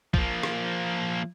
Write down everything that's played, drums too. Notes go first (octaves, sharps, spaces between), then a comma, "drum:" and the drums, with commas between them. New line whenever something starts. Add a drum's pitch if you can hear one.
F3 A#3, drum: kick
drum: rim click